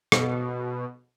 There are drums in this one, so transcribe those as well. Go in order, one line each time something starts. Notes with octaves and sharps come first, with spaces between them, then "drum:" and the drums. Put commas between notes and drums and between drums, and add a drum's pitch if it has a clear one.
B2, drum: rim click